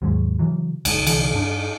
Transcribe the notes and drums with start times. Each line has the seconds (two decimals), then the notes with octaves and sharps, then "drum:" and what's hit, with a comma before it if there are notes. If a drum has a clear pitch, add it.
0.02 D#2 G#2 F#3 G#3
0.39 C#3 E3 F#3
0.85 F#1 C#2, drum: cymbal
1.07 C2 D3 E3, drum: cymbal
1.33 G2 D4